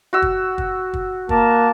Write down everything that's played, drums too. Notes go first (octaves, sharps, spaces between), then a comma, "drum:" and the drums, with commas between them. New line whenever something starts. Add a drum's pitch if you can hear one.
F#4 E6
drum: kick
drum: kick
drum: kick
A#3 A#4 A5, drum: kick